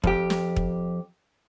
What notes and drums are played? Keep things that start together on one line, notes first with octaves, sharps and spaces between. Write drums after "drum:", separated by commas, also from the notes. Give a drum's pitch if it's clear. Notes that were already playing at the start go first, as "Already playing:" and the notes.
F2 G4, drum: kick
drum: snare
drum: kick